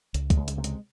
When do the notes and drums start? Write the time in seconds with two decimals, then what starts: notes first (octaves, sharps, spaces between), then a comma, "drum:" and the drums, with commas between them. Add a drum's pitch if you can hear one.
0.14 C#2, drum: hi-hat
0.30 G#3, drum: kick, hi-hat
0.37 C#2
0.48 G#3, drum: hi-hat
0.58 C3 A3
0.64 G#3, drum: hi-hat